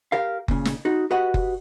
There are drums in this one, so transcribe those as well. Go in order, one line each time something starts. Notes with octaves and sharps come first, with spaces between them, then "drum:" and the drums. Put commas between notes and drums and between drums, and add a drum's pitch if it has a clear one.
G4 A#4 F5
A#2 C#3, drum: kick F#1
drum: snare
D#4 F#4
F#4 G4 B4 D#5 F#5
drum: kick F#1